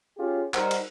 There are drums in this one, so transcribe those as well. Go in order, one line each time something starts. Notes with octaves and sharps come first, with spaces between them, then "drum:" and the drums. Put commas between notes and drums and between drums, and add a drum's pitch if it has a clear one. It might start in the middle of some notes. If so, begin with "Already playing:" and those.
C#4 F4 G4 G#4
G3 D#4 A#4 C5 F#5, drum: clap
drum: cymbal